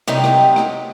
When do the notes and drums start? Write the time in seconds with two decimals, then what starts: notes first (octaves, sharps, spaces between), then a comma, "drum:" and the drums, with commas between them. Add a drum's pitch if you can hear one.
0.08 C3 F#3 G3 D#4, drum: rim click
0.24 drum: rim click
0.56 drum: rim click